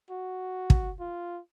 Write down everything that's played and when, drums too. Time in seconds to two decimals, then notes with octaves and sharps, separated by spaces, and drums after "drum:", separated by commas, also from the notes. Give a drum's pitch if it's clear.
0.11 F#4
0.70 drum: kick
1.00 F4